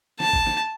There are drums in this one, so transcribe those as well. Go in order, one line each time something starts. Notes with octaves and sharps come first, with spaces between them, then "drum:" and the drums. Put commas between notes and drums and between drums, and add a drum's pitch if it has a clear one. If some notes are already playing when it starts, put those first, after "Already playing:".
A5, drum: snare
drum: kick G#1
drum: snare